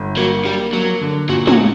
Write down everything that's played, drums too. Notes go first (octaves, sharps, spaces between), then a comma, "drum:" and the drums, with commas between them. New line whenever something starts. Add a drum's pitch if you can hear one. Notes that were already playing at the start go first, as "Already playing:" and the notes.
Already playing: G1
F#3 A#3
G3 A#3
F#3 A#3
D3
A#2 F#3
F#3, drum: tom